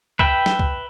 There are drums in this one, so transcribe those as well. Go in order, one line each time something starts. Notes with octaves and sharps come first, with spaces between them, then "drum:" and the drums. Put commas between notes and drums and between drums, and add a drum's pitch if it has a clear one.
B4 E5 G5, drum: kick
drum: snare
drum: kick